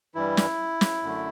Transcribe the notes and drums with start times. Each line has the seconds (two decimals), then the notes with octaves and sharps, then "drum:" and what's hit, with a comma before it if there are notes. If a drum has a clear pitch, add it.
0.15 G2 E3 G3 E4
0.37 drum: snare
0.81 drum: snare
1.03 F#2 D3 A3